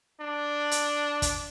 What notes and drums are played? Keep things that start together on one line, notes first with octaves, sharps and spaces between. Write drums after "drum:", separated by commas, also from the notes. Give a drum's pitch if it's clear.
D4
drum: hi-hat
drum: kick, hi-hat